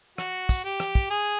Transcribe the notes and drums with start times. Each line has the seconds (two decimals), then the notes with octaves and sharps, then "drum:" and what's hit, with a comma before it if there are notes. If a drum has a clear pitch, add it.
0.18 F#4, drum: rim click
0.49 drum: kick, tambourine
0.65 G4
0.80 drum: rim click
0.95 drum: kick
1.10 G#4